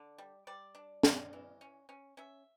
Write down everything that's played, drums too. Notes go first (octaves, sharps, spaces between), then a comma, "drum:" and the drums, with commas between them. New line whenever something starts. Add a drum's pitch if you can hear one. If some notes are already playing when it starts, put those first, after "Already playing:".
Already playing: D3 D5
G3
G3 D5
D4
G3, drum: snare
E3
C#4
C#4
C#4 E5